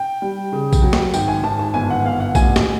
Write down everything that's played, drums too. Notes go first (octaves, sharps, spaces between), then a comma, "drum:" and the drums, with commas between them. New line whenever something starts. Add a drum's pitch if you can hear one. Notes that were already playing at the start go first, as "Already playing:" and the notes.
Already playing: G5
G3
C#3
drum: kick A#1, tambourine
F#3
drum: snare
G#1 G5, drum: tambourine
G#5
G#1 A5
A5
G1 G#5
F#5
G1 F5
F#5
A1 G#5, drum: kick A#1, tambourine
drum: snare